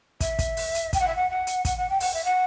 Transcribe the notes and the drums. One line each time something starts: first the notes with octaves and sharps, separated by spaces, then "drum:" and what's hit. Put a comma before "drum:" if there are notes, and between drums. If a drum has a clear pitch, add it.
E5, drum: kick, hi-hat
drum: kick, hi-hat
drum: open hi-hat
drum: hi-hat
G5, drum: kick, hi-hat
F#5
E5
F#5
F#5
drum: hi-hat
F#5, drum: kick, hi-hat
F#5
G5
F#5, drum: open hi-hat
E5
F#5